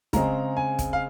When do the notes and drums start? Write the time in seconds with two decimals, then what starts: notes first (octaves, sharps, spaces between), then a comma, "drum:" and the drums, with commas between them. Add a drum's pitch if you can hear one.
0.13 C#3 G#3 C4 A#5, drum: kick, hi-hat
0.57 G#5
0.79 drum: kick, hi-hat
0.93 F5